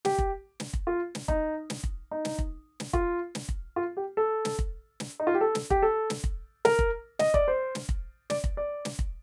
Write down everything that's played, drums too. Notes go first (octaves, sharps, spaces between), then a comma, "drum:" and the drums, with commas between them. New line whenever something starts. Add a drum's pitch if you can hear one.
G4, drum: snare
drum: kick
drum: snare
drum: kick
F4
drum: snare
D#4, drum: kick
drum: snare
drum: kick
D#4
drum: snare
drum: kick
drum: snare
F4, drum: kick
drum: snare
drum: kick
F4
G4
A4
drum: snare
drum: kick
drum: snare
D#4
F4
G4
A4
drum: snare
G4, drum: kick
A4
drum: snare
drum: kick
A#4, drum: snare
drum: kick
D#5, drum: snare
D5, drum: kick
C5
drum: snare
drum: kick
D5, drum: snare
drum: kick
D5
drum: snare
drum: kick